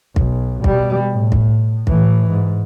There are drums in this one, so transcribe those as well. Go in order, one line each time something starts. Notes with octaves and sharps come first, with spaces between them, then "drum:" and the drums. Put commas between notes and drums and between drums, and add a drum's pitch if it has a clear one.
B1, drum: kick
B2 G3, drum: kick
A2
drum: kick
A2 E3, drum: kick
G#2